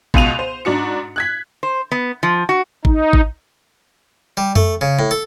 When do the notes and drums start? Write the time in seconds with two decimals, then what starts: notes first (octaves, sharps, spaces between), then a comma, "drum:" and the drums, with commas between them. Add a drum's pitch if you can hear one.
0.14 C#2 B2 D#7 F7, drum: kick
0.39 C5
0.65 G#2 D4 F#4 C#7
1.16 F#6 G#6 B6
1.63 C5
1.91 B3
2.23 F3
2.49 F#4
2.85 D#4, drum: kick
3.13 drum: kick
4.37 G3
4.56 A3, drum: tom F2
4.81 C#3
4.99 A2
5.11 A4